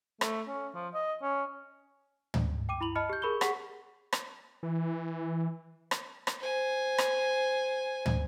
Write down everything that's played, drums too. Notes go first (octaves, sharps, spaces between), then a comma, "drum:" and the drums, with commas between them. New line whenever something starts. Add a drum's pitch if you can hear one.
A3, drum: rim click
C#4
F3
D#5
C#4
drum: tom
G5 D6 D#7
E4 B5 F7 F#7
D#5 A5 B5 F6 C#7
G4 G6
G#4 A#4 B5 C#6 G7
G4 G#4 F#5 C#6 B6, drum: rim click
drum: rim click
E3
drum: rim click
drum: rim click
C5 G#5
drum: rim click
drum: tom